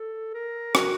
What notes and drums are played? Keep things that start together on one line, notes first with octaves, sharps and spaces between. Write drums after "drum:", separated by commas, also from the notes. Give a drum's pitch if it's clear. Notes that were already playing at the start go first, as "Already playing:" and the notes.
Already playing: A4
A#4
F#4, drum: rim click